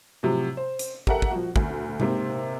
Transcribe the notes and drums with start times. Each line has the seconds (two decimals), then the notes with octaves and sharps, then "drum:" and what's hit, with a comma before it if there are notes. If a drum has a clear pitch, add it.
0.23 A2 C3 F3 F#3
0.57 C5
0.79 drum: hi-hat
1.07 G4 A4 A#4 E5 F#5 A#5, drum: kick
1.22 drum: kick
1.32 F3 F#4
1.56 D2, drum: kick
2.00 G#2 C3 A#3 C4, drum: tom C3